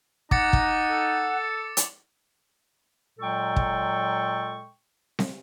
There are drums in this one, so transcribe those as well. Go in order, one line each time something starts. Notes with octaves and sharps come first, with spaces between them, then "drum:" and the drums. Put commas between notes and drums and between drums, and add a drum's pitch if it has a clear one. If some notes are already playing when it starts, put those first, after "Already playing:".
D#4 F#5 A#5 D6 A6 C#7, drum: kick
drum: kick
A4
drum: hi-hat
A#2 F#3 G#3 A4 G5 C#6
drum: kick
drum: snare C4